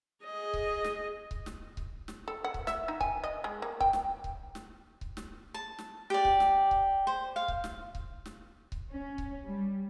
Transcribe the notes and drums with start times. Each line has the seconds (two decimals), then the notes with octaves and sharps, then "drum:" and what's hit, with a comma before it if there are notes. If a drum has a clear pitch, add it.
0.24 G#4 D#5
0.54 drum: kick C#1
0.84 drum: snare
1.31 drum: kick C#1
1.46 drum: snare
1.77 drum: kick C#1
2.08 drum: snare
2.28 A4
2.44 F#5
2.54 drum: kick C#1
2.67 E5, drum: snare
2.88 D#4
3.01 G#5, drum: kick C#1
3.24 D#5
3.44 G#3
3.62 A#3
3.81 G5, drum: kick C#1
3.93 drum: snare
4.24 drum: kick C#1
4.55 drum: snare
5.01 drum: kick C#1
5.17 drum: snare
5.54 A5
5.78 drum: snare
6.10 G4 D5
6.25 drum: kick C#1
6.40 drum: snare
6.71 drum: kick C#1
7.07 C5
7.36 F5
7.48 drum: kick C#1
7.64 drum: snare
7.95 drum: kick C#1
8.26 drum: snare
8.72 drum: kick C#1
8.91 C#4
9.18 drum: kick C#1
9.45 G3